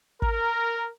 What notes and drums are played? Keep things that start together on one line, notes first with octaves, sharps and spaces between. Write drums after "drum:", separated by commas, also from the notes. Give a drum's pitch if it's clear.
A#4, drum: kick